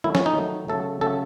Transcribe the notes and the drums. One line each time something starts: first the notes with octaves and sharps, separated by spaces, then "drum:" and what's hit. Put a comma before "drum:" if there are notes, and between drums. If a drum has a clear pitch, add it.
D#3 F#3 A3 E4
C#4, drum: snare
D#4
D#3 F#3 A3
C#3 F#3 A3 A4
C#3 F#3 A3 A4